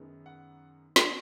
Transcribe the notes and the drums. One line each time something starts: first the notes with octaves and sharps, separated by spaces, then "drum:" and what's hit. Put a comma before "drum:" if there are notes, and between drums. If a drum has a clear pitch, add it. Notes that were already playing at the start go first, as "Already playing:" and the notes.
Already playing: F#2 D#3 G#3 B3
F#5
drum: snare